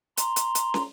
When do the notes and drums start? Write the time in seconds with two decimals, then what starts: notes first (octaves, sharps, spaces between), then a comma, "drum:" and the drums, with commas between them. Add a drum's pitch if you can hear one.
0.18 A#5 C6, drum: hi-hat
0.36 drum: hi-hat
0.55 drum: hi-hat
0.74 drum: snare